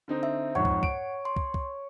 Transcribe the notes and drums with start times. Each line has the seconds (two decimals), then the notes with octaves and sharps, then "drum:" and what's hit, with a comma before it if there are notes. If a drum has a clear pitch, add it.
0.08 D3 C4 D#4
0.23 E5
0.55 F2 G#2 C#5 F#5
0.65 drum: kick
0.83 D7, drum: kick
1.25 C6
1.36 drum: kick
1.54 drum: kick